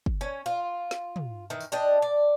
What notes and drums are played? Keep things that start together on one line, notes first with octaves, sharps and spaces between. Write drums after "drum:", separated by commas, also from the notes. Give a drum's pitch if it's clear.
drum: kick
C#4
F4
drum: snare
drum: tom
D#3 E3
drum: tambourine
D4 G4 D#5
D5